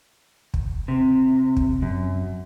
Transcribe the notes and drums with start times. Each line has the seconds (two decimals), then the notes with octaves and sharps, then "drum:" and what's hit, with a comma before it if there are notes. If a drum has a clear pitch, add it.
0.54 drum: kick
0.88 C3
1.57 drum: kick
1.82 F#2